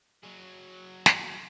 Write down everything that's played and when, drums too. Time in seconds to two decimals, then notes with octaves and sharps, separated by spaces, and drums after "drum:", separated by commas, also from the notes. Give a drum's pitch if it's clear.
0.23 F#3 G#4
1.06 drum: snare